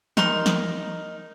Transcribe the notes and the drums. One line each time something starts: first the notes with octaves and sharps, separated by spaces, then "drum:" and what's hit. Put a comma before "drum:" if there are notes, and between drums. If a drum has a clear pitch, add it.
D#4 A#4 C6, drum: snare
drum: snare